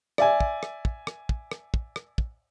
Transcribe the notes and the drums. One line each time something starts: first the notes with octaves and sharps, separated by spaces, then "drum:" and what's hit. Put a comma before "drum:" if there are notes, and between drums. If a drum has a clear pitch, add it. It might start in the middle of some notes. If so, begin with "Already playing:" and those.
D5 E5 G#5, drum: rim click
drum: kick
drum: rim click
drum: kick
drum: rim click
drum: kick
drum: rim click
drum: kick
drum: rim click
drum: kick